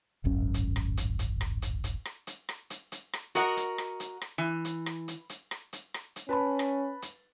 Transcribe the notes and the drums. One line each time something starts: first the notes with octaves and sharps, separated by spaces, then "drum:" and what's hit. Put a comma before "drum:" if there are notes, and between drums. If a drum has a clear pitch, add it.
D1 G#1 F#2 C#4
drum: hi-hat
drum: rim click
drum: hi-hat
drum: hi-hat
drum: rim click
drum: hi-hat
drum: hi-hat
drum: rim click
drum: hi-hat
drum: rim click
drum: hi-hat
drum: hi-hat
drum: rim click
F#4 A#4 D#5 F#5, drum: hi-hat
drum: hi-hat
drum: rim click
drum: hi-hat
drum: rim click
E3
drum: hi-hat
drum: rim click
drum: hi-hat
drum: hi-hat
drum: rim click
drum: hi-hat
drum: rim click
drum: hi-hat
C#4 B4 A5 B5
drum: rim click
drum: hi-hat